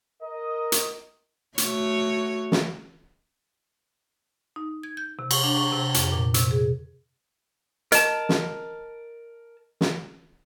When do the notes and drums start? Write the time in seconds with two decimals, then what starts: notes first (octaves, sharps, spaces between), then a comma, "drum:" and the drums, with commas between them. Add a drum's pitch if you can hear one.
0.23 A#4 D#5
0.72 drum: hi-hat
1.58 A3 F#4 C#5, drum: hi-hat
2.52 drum: snare
4.56 D#4
4.83 G#6
4.97 G6
5.19 C3
5.31 C#6, drum: cymbal
5.44 D4
5.57 C#6
5.72 C3
5.94 F2, drum: hi-hat
6.12 A#2
6.34 C3, drum: hi-hat
6.51 G#4
7.92 A#4 D#5 A5, drum: hi-hat
8.29 drum: snare
9.81 drum: snare